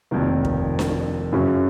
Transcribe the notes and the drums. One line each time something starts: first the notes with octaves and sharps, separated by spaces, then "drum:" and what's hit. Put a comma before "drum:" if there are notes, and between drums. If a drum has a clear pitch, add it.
F1 F2 D#3 A#3
drum: kick
drum: snare D4
F#2 C#3 F#3 C#4